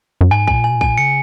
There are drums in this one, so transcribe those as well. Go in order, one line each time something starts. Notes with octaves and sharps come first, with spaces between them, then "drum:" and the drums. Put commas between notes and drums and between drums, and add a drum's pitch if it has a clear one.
F#2
G#2 G#5
G#5, drum: kick A#1
A#2
G#5
B2
A#2
G#5, drum: kick A#1
C#3 C#7